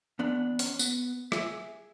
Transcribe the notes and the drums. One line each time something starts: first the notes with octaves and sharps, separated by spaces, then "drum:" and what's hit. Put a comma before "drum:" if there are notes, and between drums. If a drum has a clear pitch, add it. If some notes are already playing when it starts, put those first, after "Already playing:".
E2 B3 D4
C#4, drum: open hi-hat
B3, drum: tambourine
G#4 E5, drum: rim click